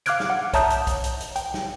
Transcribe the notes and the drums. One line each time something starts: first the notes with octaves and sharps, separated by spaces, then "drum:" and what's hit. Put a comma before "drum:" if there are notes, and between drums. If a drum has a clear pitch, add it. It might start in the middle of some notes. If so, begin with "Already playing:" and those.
F5 D6 F6 F#6 G#6 D7, drum: hi-hat
drum: snare
F#5
C#5 E5 A5 A#5 D#6 G6, drum: kick B1, hi-hat
drum: hi-hat
drum: kick B1, hi-hat
drum: hi-hat
drum: hi-hat
G5, drum: hi-hat
drum: snare